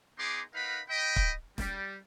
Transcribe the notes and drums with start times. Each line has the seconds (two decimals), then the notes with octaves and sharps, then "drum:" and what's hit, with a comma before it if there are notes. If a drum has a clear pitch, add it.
0.19 B3 D#4 G#4 C6 D6
0.54 D#4 A#4 B4 F5 F#5 B5
0.89 D#5 G5 B5
1.16 drum: kick
1.58 G3, drum: snare